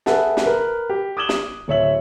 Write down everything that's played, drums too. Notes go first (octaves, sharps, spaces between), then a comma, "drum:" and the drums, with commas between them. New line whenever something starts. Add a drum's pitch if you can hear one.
G#4 A4 B4 E5 F#5 A5, drum: snare
drum: snare
A#4 B4
G4
D6 D#6 G#6 E7 F#7 G7
drum: snare
D1 C#5 E5 F#7